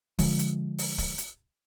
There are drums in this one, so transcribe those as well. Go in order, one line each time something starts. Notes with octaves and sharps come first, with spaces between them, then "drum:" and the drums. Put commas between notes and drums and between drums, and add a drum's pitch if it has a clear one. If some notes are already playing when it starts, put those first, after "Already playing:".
D3 F3 G#3, drum: kick, open hi-hat
drum: hi-hat
drum: open hi-hat
drum: kick, open hi-hat
drum: hi-hat